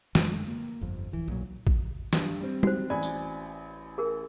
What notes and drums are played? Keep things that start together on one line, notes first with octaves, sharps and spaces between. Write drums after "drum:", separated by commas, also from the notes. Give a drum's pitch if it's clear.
F#2 D3 G#3 A3, drum: snare
A#3
G1 F2
D1 E3
B1 A#2 F#3
drum: kick A1
G2, drum: snare
G3 C4
F#4 C5, drum: tom
A1 D5 G#5 B5
drum: tambourine
G#4 A#4